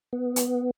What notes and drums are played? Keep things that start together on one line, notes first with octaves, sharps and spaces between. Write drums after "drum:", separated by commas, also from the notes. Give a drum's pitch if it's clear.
B3
drum: hi-hat